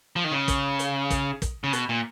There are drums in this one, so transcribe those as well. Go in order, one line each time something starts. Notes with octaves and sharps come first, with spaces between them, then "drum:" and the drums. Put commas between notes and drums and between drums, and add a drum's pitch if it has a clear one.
F3
D#3
C#3
drum: kick, hi-hat
drum: hi-hat
drum: kick, hi-hat
drum: kick, hi-hat
C#3
B2, drum: hi-hat
A#2